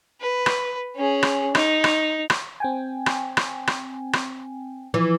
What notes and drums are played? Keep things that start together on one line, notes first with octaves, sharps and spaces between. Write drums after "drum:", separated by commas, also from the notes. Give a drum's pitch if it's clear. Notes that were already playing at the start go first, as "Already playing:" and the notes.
B4
drum: rim click
C#4 G#4
drum: rim click
D#4, drum: rim click
drum: rim click
drum: rim click
C4 G5 G#5
drum: rim click
drum: rim click
drum: rim click
drum: rim click
E3 F3